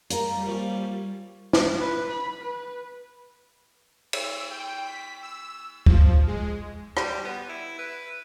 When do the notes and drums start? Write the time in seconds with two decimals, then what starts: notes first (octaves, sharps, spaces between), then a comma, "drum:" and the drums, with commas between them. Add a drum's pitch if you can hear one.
0.10 G3 F4 A#4, drum: hi-hat
0.46 F3 A#3 C#4
1.53 drum: snare
1.78 B4
2.10 B5
2.42 B4
4.13 E6, drum: cymbal
4.50 G5
4.85 B6
5.22 E6
5.86 F3, drum: kick D2
6.27 G#3
6.97 G3, drum: rim click
7.25 B3
7.49 E4
7.79 B4